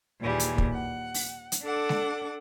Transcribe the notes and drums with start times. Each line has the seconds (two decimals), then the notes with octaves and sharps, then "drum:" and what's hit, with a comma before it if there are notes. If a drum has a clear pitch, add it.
0.21 D#2 A#2 E3 G3 G#4
0.40 drum: hi-hat
0.58 drum: kick
0.72 F#5
1.14 drum: open hi-hat
1.52 drum: hi-hat
1.62 D4 A4 F#5 D6
1.89 drum: snare G#3